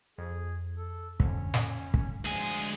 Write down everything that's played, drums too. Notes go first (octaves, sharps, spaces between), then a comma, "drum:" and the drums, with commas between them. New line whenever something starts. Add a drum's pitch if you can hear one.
F2 G#4
A4
F2 D3 C#4, drum: kick
drum: snare
drum: kick
D2 F3 G#3 G#4 G#5